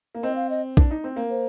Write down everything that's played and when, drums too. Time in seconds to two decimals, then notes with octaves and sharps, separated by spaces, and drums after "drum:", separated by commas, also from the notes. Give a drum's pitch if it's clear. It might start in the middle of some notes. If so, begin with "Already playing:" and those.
0.15 A#3
0.23 C4 D#5
0.36 F5
0.50 D#5
0.77 D4, drum: kick
0.91 D#4
1.04 C4
1.16 A#3
1.30 C5